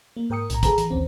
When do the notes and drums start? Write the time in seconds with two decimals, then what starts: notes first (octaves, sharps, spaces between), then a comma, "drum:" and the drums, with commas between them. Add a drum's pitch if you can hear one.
0.17 A#3
0.30 G#2 A#4 G5 D#6 C#7
0.50 B1 A2 A#5, drum: hi-hat
0.63 G#4 A4 B4 A#5, drum: kick, hi-hat
0.78 E3 A#5, drum: hi-hat
0.90 A#1 D#2 C4 C#4